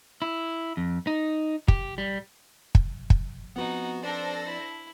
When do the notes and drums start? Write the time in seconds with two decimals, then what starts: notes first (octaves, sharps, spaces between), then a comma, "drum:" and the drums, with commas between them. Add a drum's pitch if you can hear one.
0.22 E4
0.77 F2
1.07 D#4
1.68 G4, drum: kick
1.98 G3
2.75 drum: kick
3.10 drum: kick
3.56 F3 B3 C4 D#4 F#4 B4 F#5
4.03 D4 A4 C5 D5 A#6
4.46 E4